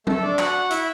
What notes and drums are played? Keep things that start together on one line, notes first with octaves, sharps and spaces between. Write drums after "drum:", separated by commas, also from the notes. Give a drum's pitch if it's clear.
A3 A4, drum: tom F#3
D4 D5
F#4 F#5, drum: clap
E4 E5, drum: hi-hat